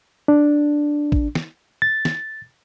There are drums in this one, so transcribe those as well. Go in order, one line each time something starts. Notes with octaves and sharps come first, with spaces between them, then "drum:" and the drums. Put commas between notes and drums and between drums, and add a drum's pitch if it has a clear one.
D4
drum: kick
drum: snare
A6
drum: snare